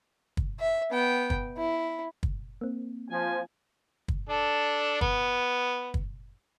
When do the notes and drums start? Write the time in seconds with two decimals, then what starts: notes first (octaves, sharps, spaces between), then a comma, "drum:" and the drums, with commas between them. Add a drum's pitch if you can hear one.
0.37 drum: kick
0.60 E5
0.91 B3 G5
1.30 drum: kick
1.57 E4
2.23 drum: kick
2.61 A#3 C4
3.10 F3 G#5
4.08 drum: kick
4.29 D4 A4
5.01 B3, drum: kick
5.94 drum: kick